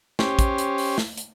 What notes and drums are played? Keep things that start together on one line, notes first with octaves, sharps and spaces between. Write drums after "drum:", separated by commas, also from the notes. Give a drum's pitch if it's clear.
C#4 G4 C5, drum: snare
drum: kick, hi-hat
drum: hi-hat
drum: open hi-hat
drum: snare
drum: hi-hat